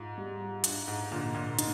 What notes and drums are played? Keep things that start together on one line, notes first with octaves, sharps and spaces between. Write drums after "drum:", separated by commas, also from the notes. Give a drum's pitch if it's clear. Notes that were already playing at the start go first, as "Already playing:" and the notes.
Already playing: G#2 F4
G3
G2 F4, drum: hi-hat
G#2
A#2 D3
A#2
D#4, drum: hi-hat